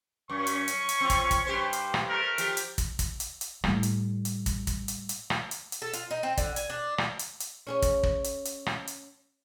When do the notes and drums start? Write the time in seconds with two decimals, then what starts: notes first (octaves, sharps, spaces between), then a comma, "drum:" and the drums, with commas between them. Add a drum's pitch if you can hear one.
0.29 F#2 C#4 C#6
0.47 drum: hi-hat
0.68 drum: hi-hat
0.89 drum: hi-hat
1.01 C4 F4
1.10 drum: kick, hi-hat
1.31 drum: kick, hi-hat
1.46 G2 G4 C5
1.73 drum: hi-hat
1.94 drum: rim click
2.09 A3 A#4
2.38 F3 G4, drum: hi-hat
2.57 drum: hi-hat
2.78 drum: kick, hi-hat
2.99 drum: kick, hi-hat
3.20 drum: hi-hat
3.41 drum: hi-hat
3.64 A2 G3, drum: rim click
3.83 drum: hi-hat
4.25 drum: hi-hat
4.46 drum: kick, hi-hat
4.67 drum: kick, hi-hat
4.88 drum: hi-hat
5.09 drum: hi-hat
5.30 drum: rim click
5.51 drum: hi-hat
5.72 drum: hi-hat
5.82 A4
5.93 F4, drum: hi-hat
6.11 D#4
6.23 C4
6.37 D3, drum: kick, hi-hat
6.56 G#5, drum: hi-hat
6.70 D4
6.98 drum: rim click
7.19 drum: hi-hat
7.40 drum: hi-hat
7.67 C#4 G#4 C#5
7.82 drum: kick, hi-hat
8.03 drum: kick
8.24 drum: hi-hat
8.45 drum: hi-hat
8.66 drum: rim click
8.87 drum: hi-hat